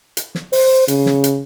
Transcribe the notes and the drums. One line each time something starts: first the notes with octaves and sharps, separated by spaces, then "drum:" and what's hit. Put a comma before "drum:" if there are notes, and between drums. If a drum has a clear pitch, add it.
drum: hi-hat
drum: snare
C5, drum: open hi-hat
C#3, drum: hi-hat
drum: snare
drum: hi-hat